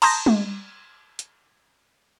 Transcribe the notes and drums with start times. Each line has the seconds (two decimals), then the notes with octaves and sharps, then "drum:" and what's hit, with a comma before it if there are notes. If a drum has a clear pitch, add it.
0.02 A5 A#5 C6 D#6 G6 A#6, drum: cymbal
0.26 drum: tom G3
1.19 drum: hi-hat